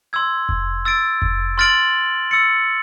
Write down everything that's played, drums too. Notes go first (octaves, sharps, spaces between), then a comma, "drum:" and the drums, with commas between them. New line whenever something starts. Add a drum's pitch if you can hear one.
C6 E6 G#6
drum: kick F1
E6 A6 D7
drum: kick F1
C6 F6 A6 D7 F#7
E6 A6 C#7